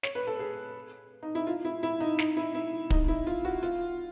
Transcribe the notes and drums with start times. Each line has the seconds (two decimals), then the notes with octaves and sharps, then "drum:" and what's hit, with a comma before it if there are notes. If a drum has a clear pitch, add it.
0.03 C#5, drum: snare
0.15 B4
0.27 A4
0.39 G#4
1.23 D#4
1.35 E4
1.47 F4
1.65 E4
1.83 E4
2.00 D#4
2.19 D#4, drum: snare
2.37 E4
2.55 E4
2.90 D#4, drum: kick
3.08 E4
3.27 F4
3.45 F#4
3.63 F4